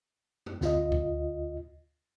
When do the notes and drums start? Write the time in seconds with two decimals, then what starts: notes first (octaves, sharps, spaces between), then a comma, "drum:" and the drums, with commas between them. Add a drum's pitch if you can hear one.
0.46 drum: tom F2
0.61 D2 F4 D#5, drum: snare
0.92 drum: kick C#2